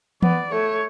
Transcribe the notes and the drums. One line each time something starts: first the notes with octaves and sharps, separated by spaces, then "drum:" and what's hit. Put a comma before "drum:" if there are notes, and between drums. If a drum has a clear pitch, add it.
B3 D5, drum: tom E3
A3 C#5